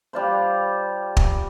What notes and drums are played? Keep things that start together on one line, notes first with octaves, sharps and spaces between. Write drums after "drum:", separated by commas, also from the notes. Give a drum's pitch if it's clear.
G3 D4 F4 C5
drum: kick